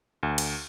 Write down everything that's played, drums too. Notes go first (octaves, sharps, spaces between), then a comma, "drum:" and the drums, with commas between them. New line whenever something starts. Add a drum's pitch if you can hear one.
D2
drum: cymbal